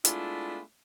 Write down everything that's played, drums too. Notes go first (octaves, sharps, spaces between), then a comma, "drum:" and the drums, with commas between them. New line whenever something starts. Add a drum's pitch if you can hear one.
G#3 A3 B3 D4 E4 F4, drum: hi-hat